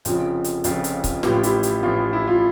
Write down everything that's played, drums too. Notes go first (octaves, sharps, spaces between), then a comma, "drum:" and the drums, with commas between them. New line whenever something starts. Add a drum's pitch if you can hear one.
F1 F2 C#3 F3, drum: hi-hat
drum: hi-hat
F1 F2 C#3 F3 F4, drum: hi-hat
drum: hi-hat
drum: kick C#1, hi-hat
A1 A2 F3 G4, drum: snare
F4
E4 G4, drum: hi-hat
drum: hi-hat
A1 A2 F3 F4
F4
E4
F4